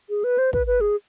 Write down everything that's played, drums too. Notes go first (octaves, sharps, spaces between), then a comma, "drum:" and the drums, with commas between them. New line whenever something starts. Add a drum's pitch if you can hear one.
G#4
B4
C5
B4, drum: kick
B4
G#4